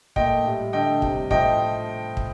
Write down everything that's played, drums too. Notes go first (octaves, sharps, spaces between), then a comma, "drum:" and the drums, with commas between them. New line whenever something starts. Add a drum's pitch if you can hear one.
A#2 A3 D#5 G5, drum: kick
A2 G3
D3 A3 D#5 G5
C3 G3, drum: kick
A2 F3 A3 D#5 G5, drum: kick
drum: kick